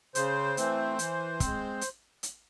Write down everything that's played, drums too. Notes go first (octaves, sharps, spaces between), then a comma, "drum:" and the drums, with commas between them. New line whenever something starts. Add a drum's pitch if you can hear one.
C#3 C5, drum: hi-hat
E3 A3 C4, drum: hi-hat
E3, drum: hi-hat
G#3 C4, drum: kick, hi-hat
drum: hi-hat
drum: hi-hat